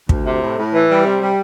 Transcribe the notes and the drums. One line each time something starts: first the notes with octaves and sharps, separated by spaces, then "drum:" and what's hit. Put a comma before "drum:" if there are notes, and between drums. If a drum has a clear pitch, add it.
D2, drum: kick
C3
A2
A2
E3
G3
C3
G3